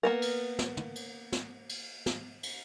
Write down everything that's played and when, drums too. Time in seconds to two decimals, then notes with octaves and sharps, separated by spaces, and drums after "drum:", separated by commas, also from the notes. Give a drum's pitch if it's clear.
0.03 A#3 B3 A#4
0.22 drum: cymbal
0.59 drum: snare
0.77 drum: tom
0.96 drum: cymbal
1.32 drum: snare
1.69 drum: cymbal
2.06 drum: snare
2.43 drum: cymbal